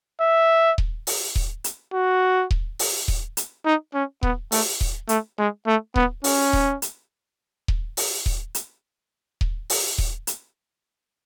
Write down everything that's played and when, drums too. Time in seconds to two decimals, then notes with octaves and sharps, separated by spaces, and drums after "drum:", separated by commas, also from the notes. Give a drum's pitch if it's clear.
0.21 E5
0.78 drum: kick D#1
1.07 drum: open hi-hat
1.36 drum: kick D#1
1.64 drum: hi-hat
1.93 F#4
2.51 drum: kick D#1
2.79 drum: open hi-hat
3.08 drum: kick D#1
3.37 drum: hi-hat
3.66 D#4
3.94 C#4
4.23 B3, drum: kick D#1
4.52 A3, drum: open hi-hat
4.81 drum: kick D#1
5.09 A3, drum: hi-hat
5.38 G#3
5.67 A3
5.96 B3, drum: kick D#1
6.24 C#4, drum: open hi-hat
6.53 drum: kick D#1
6.82 drum: hi-hat
7.68 drum: kick D#1
7.97 drum: open hi-hat
8.26 drum: kick D#1
8.55 drum: hi-hat
9.41 drum: kick D#1
9.70 drum: open hi-hat
9.98 drum: kick D#1
10.27 drum: hi-hat